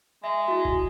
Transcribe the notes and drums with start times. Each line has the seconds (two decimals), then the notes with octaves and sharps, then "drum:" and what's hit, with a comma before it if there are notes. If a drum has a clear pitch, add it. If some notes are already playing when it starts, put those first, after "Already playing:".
0.24 G#3 E5
0.48 E4 F#4
0.65 drum: kick F#1